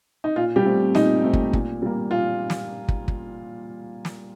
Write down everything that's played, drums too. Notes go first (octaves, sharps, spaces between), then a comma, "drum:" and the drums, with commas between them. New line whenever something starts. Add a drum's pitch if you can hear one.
D#4
A#2 F4
G3 G4
A3 C4
A#2 D#4, drum: snare
A3 C4
drum: kick
A#2, drum: kick
G3 A#3
A#2 F4
drum: snare
drum: kick
drum: kick
drum: snare